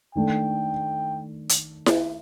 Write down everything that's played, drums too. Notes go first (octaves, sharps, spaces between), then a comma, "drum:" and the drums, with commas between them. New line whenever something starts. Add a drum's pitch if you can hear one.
D#3 A3 D4 A4 G5
drum: hi-hat
drum: snare E4